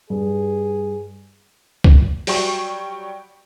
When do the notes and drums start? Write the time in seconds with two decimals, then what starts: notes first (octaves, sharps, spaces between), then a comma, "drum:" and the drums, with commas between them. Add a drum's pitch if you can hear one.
0.10 G2 G#4
1.84 drum: kick C#2
2.27 F#3 G3 G5 C#6, drum: open hi-hat